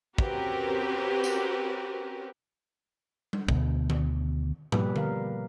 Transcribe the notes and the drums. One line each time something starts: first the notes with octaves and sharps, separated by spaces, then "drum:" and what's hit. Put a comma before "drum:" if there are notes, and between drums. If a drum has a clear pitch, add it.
C4 C#4 F#4 G4 A#4 B4, drum: kick
drum: tambourine
drum: tom G3
D2 B2, drum: kick
drum: tom D3
B2 F3 G3 A#3 G4 B4, drum: tom G#2
A#4 F5, drum: tom D3